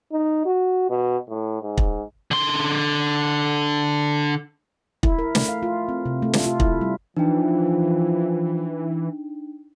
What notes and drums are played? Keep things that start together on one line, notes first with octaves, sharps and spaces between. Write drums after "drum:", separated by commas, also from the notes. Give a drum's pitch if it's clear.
D#4
F#4
B2
A2
G#2
drum: kick
D3 C6
E4, drum: kick
A#4
A3, drum: snare
F5
F4
C4
C3
A3
F4, drum: snare
F4
E4, drum: kick
G3
E3 F3 D4 D#4 G5